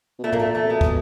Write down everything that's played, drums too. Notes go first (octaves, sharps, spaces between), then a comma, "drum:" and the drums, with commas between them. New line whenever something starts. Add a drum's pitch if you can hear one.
B2
A#2 A3
A#3, drum: tom
A3
A3
C3
B2 G#3
drum: kick